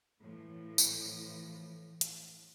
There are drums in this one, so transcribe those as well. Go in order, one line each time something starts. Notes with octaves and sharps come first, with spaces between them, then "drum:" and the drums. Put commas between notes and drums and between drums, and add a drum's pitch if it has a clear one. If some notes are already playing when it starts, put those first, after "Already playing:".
A2 E3 F3
drum: tambourine
drum: hi-hat